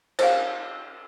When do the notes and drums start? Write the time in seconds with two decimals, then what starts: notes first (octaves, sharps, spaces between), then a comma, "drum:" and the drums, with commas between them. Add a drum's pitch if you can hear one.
0.19 C5 F5, drum: cymbal